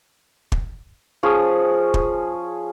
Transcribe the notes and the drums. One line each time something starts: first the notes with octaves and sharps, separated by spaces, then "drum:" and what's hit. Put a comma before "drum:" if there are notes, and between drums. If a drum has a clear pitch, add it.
drum: kick
F3 C#4 G#4
drum: kick